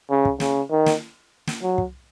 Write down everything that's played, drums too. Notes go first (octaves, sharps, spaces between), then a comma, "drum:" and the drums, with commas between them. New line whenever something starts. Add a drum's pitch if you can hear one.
C#3
drum: kick
C#3, drum: snare
D#3
drum: snare
drum: snare
F#3
drum: kick